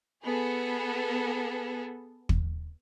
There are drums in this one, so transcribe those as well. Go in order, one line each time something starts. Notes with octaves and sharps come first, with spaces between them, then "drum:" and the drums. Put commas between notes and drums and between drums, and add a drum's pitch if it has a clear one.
B3 G#4 A4
drum: kick